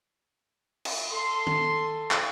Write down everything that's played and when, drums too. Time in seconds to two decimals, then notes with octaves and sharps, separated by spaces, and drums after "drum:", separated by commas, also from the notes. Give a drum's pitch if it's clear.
0.85 drum: cymbal
1.11 A4 C6
1.47 drum: tom
2.11 drum: clap